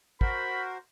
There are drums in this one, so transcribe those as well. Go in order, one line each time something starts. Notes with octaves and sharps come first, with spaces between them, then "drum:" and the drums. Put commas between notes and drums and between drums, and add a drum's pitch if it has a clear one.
F#4 A#4 C5 B5, drum: kick